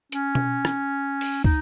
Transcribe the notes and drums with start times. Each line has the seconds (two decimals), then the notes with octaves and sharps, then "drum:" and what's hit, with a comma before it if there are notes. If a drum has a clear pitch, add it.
0.12 C#4, drum: hi-hat
0.35 drum: tom B2
0.65 drum: rim click
1.21 drum: open hi-hat
1.44 D#4, drum: kick